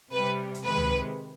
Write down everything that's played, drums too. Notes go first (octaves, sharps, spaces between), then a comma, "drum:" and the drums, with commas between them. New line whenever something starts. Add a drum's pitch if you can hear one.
C3 G3 B4
drum: hi-hat
C3 D#3 G#3 B4
drum: tom C#2